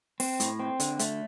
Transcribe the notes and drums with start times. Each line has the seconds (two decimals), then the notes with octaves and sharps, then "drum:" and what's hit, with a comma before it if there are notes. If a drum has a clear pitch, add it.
0.20 C4, drum: open hi-hat
0.40 A2, drum: hi-hat
0.60 C4
0.80 D3, drum: hi-hat
0.99 A3, drum: hi-hat